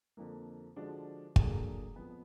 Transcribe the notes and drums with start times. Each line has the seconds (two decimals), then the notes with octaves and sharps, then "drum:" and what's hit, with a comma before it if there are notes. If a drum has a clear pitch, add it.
0.17 F2 D3 F3 A#3
0.76 D3 F3 G#3 D4 F#4
1.36 D3 F#3 A#3 D4 G#4, drum: kick
1.96 F2 F3 B3